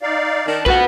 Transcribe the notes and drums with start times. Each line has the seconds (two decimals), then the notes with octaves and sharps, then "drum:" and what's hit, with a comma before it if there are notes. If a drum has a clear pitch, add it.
0.02 D#4 D5 F5
0.47 D#3 D4 A5
0.66 D2 F3 F#4 B4 F#5, drum: kick